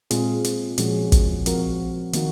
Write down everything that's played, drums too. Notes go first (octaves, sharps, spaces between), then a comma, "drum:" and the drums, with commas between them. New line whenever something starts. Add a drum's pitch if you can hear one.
A#2 G#3 C4 F4 G#4, drum: hi-hat
drum: hi-hat
A#2 F3 G#3 C#4 F#4, drum: hi-hat
drum: kick, hi-hat
F3 C4 F#4 A#4, drum: hi-hat
D#3 A#3 D#4 F#4, drum: hi-hat